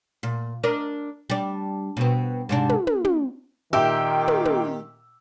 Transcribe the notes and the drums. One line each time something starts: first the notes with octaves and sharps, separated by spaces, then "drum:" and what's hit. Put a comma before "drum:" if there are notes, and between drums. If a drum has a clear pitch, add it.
A#2
D4 A#4 D#5
G3 D4
B2 C4
G#2 C3 D4
drum: tom
drum: tom
drum: tom
A#2 D#3 G4 E5 G5 E6
drum: tom
drum: tom